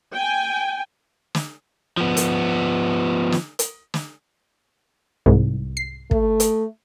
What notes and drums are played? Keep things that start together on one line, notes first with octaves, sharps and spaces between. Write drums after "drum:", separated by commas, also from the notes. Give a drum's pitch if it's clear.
G5 G#5
drum: snare
F3 B3
drum: hi-hat
drum: snare
drum: hi-hat
drum: snare
C2 G#2
C7
A3, drum: kick
drum: hi-hat